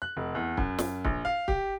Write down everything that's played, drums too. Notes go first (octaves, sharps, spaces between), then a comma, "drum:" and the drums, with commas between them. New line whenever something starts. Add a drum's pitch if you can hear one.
F#6
F1
E2
F#2, drum: kick C#1
drum: snare
A#1, drum: kick C#1
F5
G4, drum: kick C#1